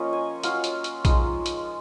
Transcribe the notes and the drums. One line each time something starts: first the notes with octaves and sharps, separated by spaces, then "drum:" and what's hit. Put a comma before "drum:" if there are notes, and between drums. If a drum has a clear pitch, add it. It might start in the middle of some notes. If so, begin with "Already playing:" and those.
Already playing: F3 A#3 C#4 F4 C#5 D#5
G#5
F#3 C#4 F4 F5, drum: hi-hat
drum: hi-hat
drum: hi-hat
F3 G#3 D#4, drum: kick A#1, hi-hat
drum: hi-hat